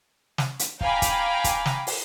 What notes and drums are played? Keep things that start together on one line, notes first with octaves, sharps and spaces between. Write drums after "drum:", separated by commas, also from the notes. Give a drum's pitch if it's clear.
drum: snare
drum: hi-hat
F5 G5 G#5 A#5 B5 D6, drum: kick
drum: kick, hi-hat
drum: kick, hi-hat
drum: snare
drum: open hi-hat